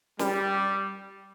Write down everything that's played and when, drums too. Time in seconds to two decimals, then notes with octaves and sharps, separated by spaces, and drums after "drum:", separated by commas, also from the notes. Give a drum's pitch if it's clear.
0.19 G3, drum: snare